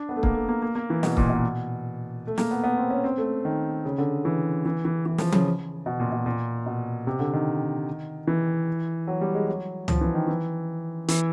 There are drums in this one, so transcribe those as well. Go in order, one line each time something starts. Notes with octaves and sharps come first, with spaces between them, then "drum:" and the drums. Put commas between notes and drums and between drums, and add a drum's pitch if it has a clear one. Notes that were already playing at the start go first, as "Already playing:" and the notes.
Already playing: D4
B3
A3
A#3, drum: kick
A3
A#3
A#3
A#3
E3
B2, drum: snare
A#2, drum: kick
B2
A3
A#3, drum: snare
B3
B3
C4
C#4
C4
A3
D#3
C#3
D3
E3
E3
E3
E3
F3, drum: snare
C#3, drum: tom F3
B2
A#2
B2
A#2
B2
C3
D3
D#3
E3
F#3
G3
G#3
F#3
F3, drum: tom
E3
D#3
E3
E3, drum: hi-hat